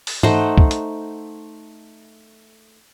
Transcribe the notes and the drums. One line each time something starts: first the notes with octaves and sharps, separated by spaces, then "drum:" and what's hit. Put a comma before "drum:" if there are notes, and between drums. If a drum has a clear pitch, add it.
drum: open hi-hat
A3 D#4 C5 F#5, drum: tom G#2
drum: kick
drum: hi-hat